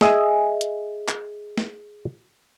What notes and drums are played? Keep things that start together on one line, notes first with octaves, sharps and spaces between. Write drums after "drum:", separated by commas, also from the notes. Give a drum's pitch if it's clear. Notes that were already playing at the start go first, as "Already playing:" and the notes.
G#4 D#5 E5 G#5, drum: snare
drum: hi-hat
drum: clap
drum: snare